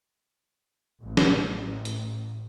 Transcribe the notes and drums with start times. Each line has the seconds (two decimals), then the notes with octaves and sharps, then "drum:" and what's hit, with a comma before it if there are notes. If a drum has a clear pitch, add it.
1.05 A1
1.17 drum: snare
1.85 drum: hi-hat